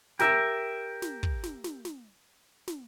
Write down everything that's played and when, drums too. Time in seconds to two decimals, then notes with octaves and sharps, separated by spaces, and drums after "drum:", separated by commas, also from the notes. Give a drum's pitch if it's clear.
0.19 G4 A#4 E5, drum: snare
1.02 drum: snare
1.23 drum: kick
1.44 drum: snare
1.64 drum: snare
1.85 drum: snare
2.68 drum: snare